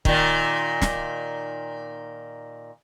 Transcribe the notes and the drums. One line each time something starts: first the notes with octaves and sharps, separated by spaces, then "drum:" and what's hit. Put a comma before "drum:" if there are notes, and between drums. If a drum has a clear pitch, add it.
A#2 D#3, drum: kick
drum: snare